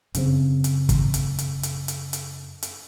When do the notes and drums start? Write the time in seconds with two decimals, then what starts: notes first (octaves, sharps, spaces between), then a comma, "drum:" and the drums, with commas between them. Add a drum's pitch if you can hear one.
0.14 F#2 C#3 C4, drum: hi-hat
0.64 drum: hi-hat
0.89 drum: kick, hi-hat
1.14 drum: hi-hat
1.38 drum: hi-hat
1.63 drum: hi-hat
1.88 drum: hi-hat
2.13 drum: hi-hat
2.62 drum: hi-hat